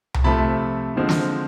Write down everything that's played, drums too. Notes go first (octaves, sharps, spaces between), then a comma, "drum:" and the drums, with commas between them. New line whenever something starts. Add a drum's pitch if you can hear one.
drum: tom C2
C3 F3 A3 A5 B5
D3 F3 G#3 C4
drum: snare